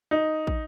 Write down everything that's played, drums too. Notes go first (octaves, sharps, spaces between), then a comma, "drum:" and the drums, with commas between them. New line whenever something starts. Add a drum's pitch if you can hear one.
D#4
drum: kick